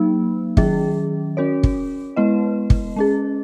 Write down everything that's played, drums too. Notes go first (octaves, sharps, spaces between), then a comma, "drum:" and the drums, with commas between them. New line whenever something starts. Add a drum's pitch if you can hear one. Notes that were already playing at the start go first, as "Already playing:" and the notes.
Already playing: F#3 A#3 D#4
D#3 F#3 C#4 G#4, drum: kick
C#4 F#4 A#4 C#5
drum: kick
G#3 B3 E4 B4 D#5
drum: kick
G#3 C#4 G#4